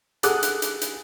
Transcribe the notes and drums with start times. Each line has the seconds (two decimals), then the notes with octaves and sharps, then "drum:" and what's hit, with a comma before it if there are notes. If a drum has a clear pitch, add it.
0.23 G#4 A4 F#5 D6 D#6 F#6, drum: hi-hat
0.43 drum: hi-hat
0.62 drum: hi-hat
0.81 drum: hi-hat